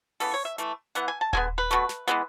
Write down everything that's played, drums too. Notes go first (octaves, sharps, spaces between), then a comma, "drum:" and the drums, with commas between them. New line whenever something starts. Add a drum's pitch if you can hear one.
C#3 E3 B3 A4, drum: open hi-hat
C#5
E5
E3 A3, drum: hi-hat
E3 B3 F#5, drum: hi-hat
G#5
A5
D3 G#3 B3 G#5, drum: kick D#1
B4
B2 A3, drum: hi-hat
drum: snare
E3 G#3 B3, drum: hi-hat